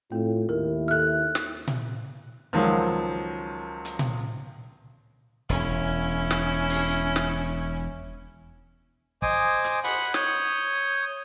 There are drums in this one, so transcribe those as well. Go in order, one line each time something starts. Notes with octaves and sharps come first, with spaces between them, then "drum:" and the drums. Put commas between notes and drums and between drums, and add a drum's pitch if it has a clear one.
A2 C4 F4 A4
D#2 E4 A#4
A4 E5 F6 F#6
drum: snare
drum: tom A#2
C#2 D#3 F3 F#3
drum: hi-hat
drum: tom A#2
E1 C#4 E4, drum: hi-hat
drum: snare
drum: open hi-hat
drum: snare
C5 D#5 G#5 D6 D#6, drum: kick
drum: hi-hat
F#5 B5, drum: open hi-hat
C#5 D#6 G6, drum: snare